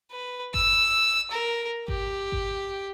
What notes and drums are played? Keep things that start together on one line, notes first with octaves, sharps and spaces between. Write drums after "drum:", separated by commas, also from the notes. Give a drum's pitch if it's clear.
B4
E6, drum: kick G#1
A#4
G4, drum: kick G#1
drum: kick G#1